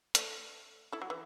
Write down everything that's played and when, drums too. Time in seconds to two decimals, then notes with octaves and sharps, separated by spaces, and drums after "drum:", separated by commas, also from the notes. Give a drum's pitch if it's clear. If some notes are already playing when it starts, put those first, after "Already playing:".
0.15 A3, drum: hi-hat
0.92 E4 A4
1.02 F#3
1.10 E3